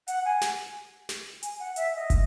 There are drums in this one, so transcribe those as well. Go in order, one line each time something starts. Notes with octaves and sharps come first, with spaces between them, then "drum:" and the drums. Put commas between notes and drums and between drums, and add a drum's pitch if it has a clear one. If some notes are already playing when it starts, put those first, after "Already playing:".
F#5, drum: hi-hat
G#5
drum: snare
drum: snare
G#5, drum: hi-hat
F#5
E5, drum: hi-hat
E5
D#5
drum: kick, hi-hat